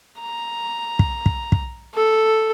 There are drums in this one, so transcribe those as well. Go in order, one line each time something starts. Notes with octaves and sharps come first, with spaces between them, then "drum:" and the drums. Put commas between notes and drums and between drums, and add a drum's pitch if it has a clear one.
A#5
drum: kick
drum: kick
drum: kick
A4